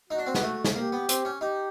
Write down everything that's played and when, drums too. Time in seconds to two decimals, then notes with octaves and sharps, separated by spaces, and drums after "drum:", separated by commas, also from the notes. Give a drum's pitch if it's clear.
0.10 D#4 F#4
0.19 D4
0.27 C4
0.35 B3, drum: snare
0.43 A3
0.65 drum: snare
0.76 A#3 G4
0.92 B3
1.09 C4, drum: hi-hat
1.25 C#4
1.41 D#4 G4